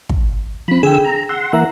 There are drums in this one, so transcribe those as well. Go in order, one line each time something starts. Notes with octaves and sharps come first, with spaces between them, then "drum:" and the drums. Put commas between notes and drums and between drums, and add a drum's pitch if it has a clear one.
drum: kick
F3 C4 B5
D3 G#4 G5 E6
A#5
F#5 C6 E6
E3 A#3 E5 F#5 A#5